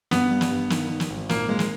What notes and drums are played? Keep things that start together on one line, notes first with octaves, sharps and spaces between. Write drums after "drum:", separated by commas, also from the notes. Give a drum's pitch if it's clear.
G2 B3, drum: snare
G3
drum: snare
G2
D#3, drum: snare
D#3
drum: snare
G#1
A#2 A#3, drum: snare
G#3 A#3
drum: snare